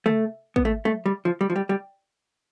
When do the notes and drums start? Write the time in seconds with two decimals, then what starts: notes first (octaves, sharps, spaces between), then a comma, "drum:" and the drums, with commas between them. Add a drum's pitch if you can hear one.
0.06 A3, drum: tom
0.56 B3, drum: kick
0.65 A3
0.85 A3, drum: tom
1.06 G3
1.25 F3
1.41 G3
1.50 F3
1.56 G3
1.69 G3